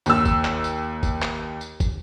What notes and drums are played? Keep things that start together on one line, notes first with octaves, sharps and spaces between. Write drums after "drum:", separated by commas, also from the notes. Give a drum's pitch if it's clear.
D#2 E6, drum: tambourine
drum: kick, tambourine
drum: clap
drum: tambourine
drum: kick, tambourine
drum: clap
drum: tambourine
drum: kick, tambourine